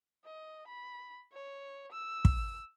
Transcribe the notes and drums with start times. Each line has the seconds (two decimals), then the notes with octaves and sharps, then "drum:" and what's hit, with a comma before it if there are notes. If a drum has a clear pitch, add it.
0.25 D#5
0.67 B5
1.33 C#5
1.92 E6
2.25 drum: kick